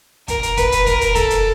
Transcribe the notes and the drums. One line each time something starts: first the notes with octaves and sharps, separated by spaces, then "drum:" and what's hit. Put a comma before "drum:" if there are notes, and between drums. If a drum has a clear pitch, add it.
A#4, drum: kick, hi-hat
drum: hi-hat
B4, drum: kick, hi-hat
drum: hi-hat
A#4, drum: kick, hi-hat
drum: hi-hat
A4, drum: kick, hi-hat
drum: hi-hat